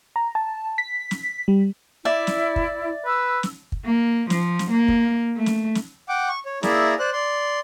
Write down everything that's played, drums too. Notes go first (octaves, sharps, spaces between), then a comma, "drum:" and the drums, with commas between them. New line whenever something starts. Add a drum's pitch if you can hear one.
A#5
A5
B6
drum: snare
G3
E4 D5 E5
drum: snare
drum: kick
B4 E6
drum: snare
drum: kick
A#3
F3, drum: snare
drum: snare
A#3
drum: kick
A3
drum: snare
drum: snare
F#5 G5 D6
C#6
C#5
A#3 E4 G#4 D5 E5 A#5, drum: snare
C5 D5 F#6
D5 C6